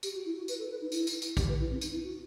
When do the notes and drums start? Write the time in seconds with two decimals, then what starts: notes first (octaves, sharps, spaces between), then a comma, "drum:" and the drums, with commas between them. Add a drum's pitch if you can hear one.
0.03 G4, drum: tambourine
0.14 F#4
0.25 E4
0.36 F#4
0.48 B4, drum: tambourine
0.58 A4
0.70 B4
0.81 D#4
0.92 E4, drum: tambourine
1.07 drum: tambourine
1.22 drum: tambourine
1.37 G4, drum: kick, tambourine
1.48 B4
1.59 E4
1.70 C4
1.81 D#4, drum: tambourine
1.92 E4
2.03 F#4